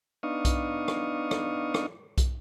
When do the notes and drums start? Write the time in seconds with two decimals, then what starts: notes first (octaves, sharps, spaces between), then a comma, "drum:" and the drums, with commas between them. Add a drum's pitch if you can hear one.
0.23 B3 D4 D#4 F5 C#6 D#6
0.45 drum: kick B1, hi-hat
0.88 drum: rim click
1.31 drum: rim click
1.74 drum: rim click
2.18 drum: kick B1, hi-hat